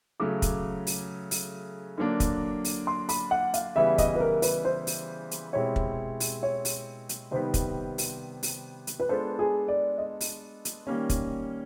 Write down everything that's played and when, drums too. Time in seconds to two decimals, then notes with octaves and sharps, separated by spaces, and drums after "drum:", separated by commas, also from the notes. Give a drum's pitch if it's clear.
0.20 C#3 F#3 A3 D6
0.42 drum: kick, hi-hat
0.87 drum: open hi-hat
1.31 drum: open hi-hat
1.98 D3 F#3 A#3 D4
2.20 drum: kick, hi-hat
2.65 drum: open hi-hat
2.87 C6
3.09 B5, drum: open hi-hat
3.31 F#5
3.54 F5, drum: hi-hat
3.75 C#3 E3 G3 B3 E4 E5
3.98 D#5, drum: kick, hi-hat
4.15 B4
4.20 A#4
4.42 B4, drum: open hi-hat
4.65 C5
4.87 drum: open hi-hat
5.31 drum: hi-hat
5.53 B2 G#3 C4 E4 G4 C#5
5.76 drum: kick
6.20 drum: open hi-hat
6.43 C#5
6.65 drum: open hi-hat
7.09 drum: hi-hat
7.31 C3 D#3 G3 B3 C5
7.54 drum: kick, hi-hat
7.98 drum: open hi-hat
8.43 drum: open hi-hat
8.87 drum: hi-hat
9.00 B4
9.09 G#3 B3 D4 F4 A4 C5
9.39 G#4
9.68 D5
9.98 D#5
10.21 drum: open hi-hat
10.65 drum: hi-hat
10.87 D#3 G3 A#3 C#4
11.10 drum: kick, hi-hat